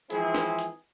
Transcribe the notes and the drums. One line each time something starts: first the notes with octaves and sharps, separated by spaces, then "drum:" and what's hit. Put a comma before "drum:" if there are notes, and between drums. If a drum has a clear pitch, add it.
E3 F3 G#3 C4 E4 G#4, drum: hi-hat
drum: snare
drum: hi-hat